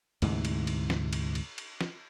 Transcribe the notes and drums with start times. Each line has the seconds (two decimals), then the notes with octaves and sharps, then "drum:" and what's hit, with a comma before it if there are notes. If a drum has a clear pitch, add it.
0.22 D2 G#2 C3 E3, drum: cymbal
0.45 drum: cymbal
0.67 drum: cymbal
0.90 drum: snare
1.13 drum: cymbal
1.35 drum: cymbal
1.58 drum: cymbal
1.81 drum: snare